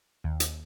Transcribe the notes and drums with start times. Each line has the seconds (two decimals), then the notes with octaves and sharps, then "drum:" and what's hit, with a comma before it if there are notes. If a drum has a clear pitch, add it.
0.24 D#2
0.40 drum: hi-hat